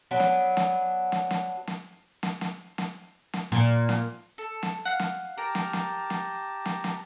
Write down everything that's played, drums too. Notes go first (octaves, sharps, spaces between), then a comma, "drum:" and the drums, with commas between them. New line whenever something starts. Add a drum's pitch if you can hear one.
F#3 B3 D4
drum: snare
drum: snare
drum: snare
drum: snare
drum: snare
drum: snare
drum: snare
drum: snare
drum: snare
A#2, drum: snare
drum: snare
A4
drum: snare
F5 F#5
drum: snare
G4 A#4 A5 A#5
drum: snare
drum: snare
drum: snare
drum: snare
drum: snare